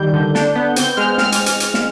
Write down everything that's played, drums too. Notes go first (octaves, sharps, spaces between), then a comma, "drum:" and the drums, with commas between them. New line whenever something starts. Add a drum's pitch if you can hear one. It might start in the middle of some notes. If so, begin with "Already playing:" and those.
Already playing: D#3 G3 G6
D3
D4, drum: snare
B3
C4 G6, drum: hi-hat
G#3 F6
C4 F6, drum: snare
drum: hi-hat
drum: hi-hat
drum: hi-hat
drum: snare